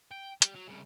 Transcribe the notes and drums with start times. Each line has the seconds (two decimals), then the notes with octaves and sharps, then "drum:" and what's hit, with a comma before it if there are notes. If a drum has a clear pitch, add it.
0.12 G5
0.42 G3, drum: hi-hat
0.56 F#3
0.68 C2 C#3